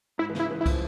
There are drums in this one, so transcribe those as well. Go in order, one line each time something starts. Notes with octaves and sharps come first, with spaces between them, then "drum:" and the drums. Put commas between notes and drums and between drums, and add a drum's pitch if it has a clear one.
G#2 E4
E3
C#3 E4, drum: snare
E3
E4
F3, drum: kick, cymbal